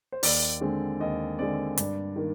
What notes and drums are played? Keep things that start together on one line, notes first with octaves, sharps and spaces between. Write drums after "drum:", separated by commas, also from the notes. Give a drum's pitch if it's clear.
C5
D#2 D5, drum: open hi-hat
D3 G#3 C4
D#2 D#5
D3 G#3 C4 D5
G2 D5, drum: hi-hat
D#3 A#3